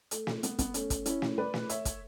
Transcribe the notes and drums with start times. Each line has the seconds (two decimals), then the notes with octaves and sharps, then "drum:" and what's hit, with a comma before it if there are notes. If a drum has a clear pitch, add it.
0.11 A3, drum: hi-hat
0.27 drum: snare
0.43 B3, drum: hi-hat
0.59 B3, drum: kick, hi-hat
0.74 A3 C#4, drum: hi-hat
0.90 drum: kick, hi-hat
1.06 C#4 E4, drum: hi-hat
1.22 drum: snare
1.38 B4 D5
1.54 drum: snare
1.69 C#5 E5, drum: hi-hat
1.85 drum: kick, hi-hat